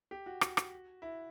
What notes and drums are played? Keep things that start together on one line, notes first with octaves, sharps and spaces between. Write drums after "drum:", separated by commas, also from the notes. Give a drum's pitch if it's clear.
G4
F#4
F#4, drum: rim click
drum: rim click
E4